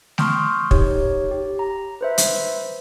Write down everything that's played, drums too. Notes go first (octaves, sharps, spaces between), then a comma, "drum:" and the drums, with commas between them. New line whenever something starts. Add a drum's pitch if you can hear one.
C6 C#6 D#6 F6 G6 D7, drum: snare A3
D#4 G4 C#5, drum: kick
G4
A#5
B4 C5 E5
drum: hi-hat